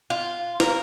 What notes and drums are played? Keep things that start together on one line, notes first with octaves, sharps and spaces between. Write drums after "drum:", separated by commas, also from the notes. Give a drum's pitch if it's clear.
F4
A#4, drum: snare